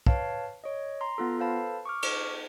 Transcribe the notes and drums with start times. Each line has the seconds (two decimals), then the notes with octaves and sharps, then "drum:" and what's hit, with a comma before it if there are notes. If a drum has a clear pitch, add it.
0.07 B4 C#5 F5 A5, drum: kick
0.64 C#5 D#5
1.01 A#5 C6
1.18 B3 F4 A4
1.39 A4 B4 C5 F5 A5 B5
1.85 C#6 D6 F6
2.02 drum: cymbal